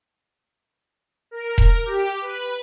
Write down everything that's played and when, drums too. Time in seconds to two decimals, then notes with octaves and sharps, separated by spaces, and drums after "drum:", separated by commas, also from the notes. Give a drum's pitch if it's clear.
1.31 A#4
1.58 drum: kick E1
1.85 G4
2.21 B4